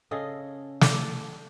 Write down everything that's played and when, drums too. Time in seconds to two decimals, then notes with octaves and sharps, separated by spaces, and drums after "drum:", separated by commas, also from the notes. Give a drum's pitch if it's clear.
0.11 C#3 G#4 A4 D#5
0.81 A4 D5, drum: snare